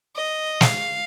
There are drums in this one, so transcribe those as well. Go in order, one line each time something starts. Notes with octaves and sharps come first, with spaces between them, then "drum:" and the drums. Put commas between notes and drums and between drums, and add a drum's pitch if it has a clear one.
D#5
F5, drum: snare